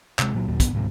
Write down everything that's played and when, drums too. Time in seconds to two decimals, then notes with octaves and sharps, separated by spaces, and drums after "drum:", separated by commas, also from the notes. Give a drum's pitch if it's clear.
0.19 C3 G#3, drum: clap
0.35 A#2 F#3
0.47 D#2 A#2 F#3
0.60 G#1 B3, drum: kick, hi-hat
0.73 G#1 C#2 G#2 C3